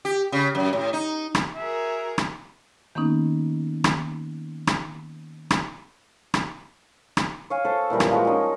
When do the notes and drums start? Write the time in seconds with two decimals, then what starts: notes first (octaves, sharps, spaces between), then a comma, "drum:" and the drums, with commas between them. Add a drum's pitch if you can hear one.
0.05 G4
0.32 C#3
0.55 F#2
0.73 A2
0.93 D#4
1.35 drum: rim click
1.55 F#4 G#4 A#4 E5
2.18 drum: rim click
2.95 D#3 A#3 B3 C#4 D#4
3.84 drum: rim click
4.67 drum: rim click
5.51 drum: rim click
6.34 drum: rim click
7.17 drum: rim click
7.50 C#5 F5 G#5
7.65 A4 C5 E5
7.90 A#2 E3 G3 A#4
8.00 drum: rim click
8.11 F3 G#3 F#4
8.25 C#4 D#4 G4 G#5